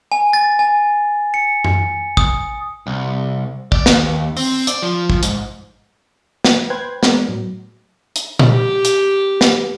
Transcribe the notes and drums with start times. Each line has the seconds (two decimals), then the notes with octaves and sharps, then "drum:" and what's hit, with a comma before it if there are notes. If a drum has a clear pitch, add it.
0.12 G#5
0.33 A6
0.59 G#5
1.34 C#7
1.64 drum: tom F#2
2.17 D#6, drum: kick
2.87 C2
3.72 D5, drum: kick
3.86 D#2, drum: snare
4.37 C4, drum: open hi-hat
4.67 D5, drum: hi-hat
4.82 F3
5.10 drum: kick
5.23 G#2, drum: hi-hat
6.44 drum: snare
6.70 B4 C5 G5 C6 F#6 G#6
7.03 G#3 B3 A#4 D5, drum: snare
7.28 A2 F#3
8.16 drum: hi-hat
8.39 drum: tom A#2
8.50 G4
8.85 drum: hi-hat
9.41 drum: snare